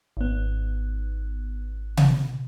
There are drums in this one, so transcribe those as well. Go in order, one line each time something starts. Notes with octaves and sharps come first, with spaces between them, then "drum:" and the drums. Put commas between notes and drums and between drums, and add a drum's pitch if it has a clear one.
G#1 B3
drum: tom C3